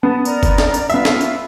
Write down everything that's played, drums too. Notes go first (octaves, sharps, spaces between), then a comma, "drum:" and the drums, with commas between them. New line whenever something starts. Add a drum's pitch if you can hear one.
B3 B4 A5
A#4 D5 A#5, drum: tambourine
drum: kick, tambourine
drum: snare
drum: tambourine
B3 F4 E5 F5, drum: tambourine
drum: snare
drum: tambourine